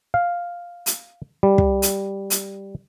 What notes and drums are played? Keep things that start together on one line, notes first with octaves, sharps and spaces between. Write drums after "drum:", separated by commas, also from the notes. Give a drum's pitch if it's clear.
F5
drum: hi-hat
G3
drum: kick
drum: hi-hat
drum: hi-hat